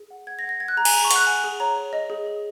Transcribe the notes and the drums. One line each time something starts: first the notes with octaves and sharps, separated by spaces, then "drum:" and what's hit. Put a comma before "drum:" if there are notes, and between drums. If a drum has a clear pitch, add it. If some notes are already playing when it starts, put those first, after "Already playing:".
Already playing: G#4
F#5
F#5 G#6
A#6
F#5
A#6
F#5 G#6
F#6
G#4 A#5
G#5, drum: cymbal
G#4 A#5
C#6
F#5, drum: hi-hat
F#6
F#5 G#5
G#4
C#5 A#5
C#5
D#5
G#4
G#4